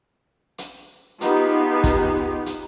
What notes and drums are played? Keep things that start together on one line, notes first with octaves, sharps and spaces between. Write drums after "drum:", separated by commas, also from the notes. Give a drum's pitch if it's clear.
drum: hi-hat
B3 D#4 F4 G4 G#4, drum: hi-hat
drum: kick, hi-hat
drum: hi-hat